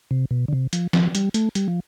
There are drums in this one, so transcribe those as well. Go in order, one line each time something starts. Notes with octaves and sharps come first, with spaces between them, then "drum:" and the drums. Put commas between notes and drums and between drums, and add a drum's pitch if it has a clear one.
C3
B2
D3
C3
F3, drum: hi-hat
F3, drum: snare
G3, drum: hi-hat
A3, drum: hi-hat
G3, drum: hi-hat
F3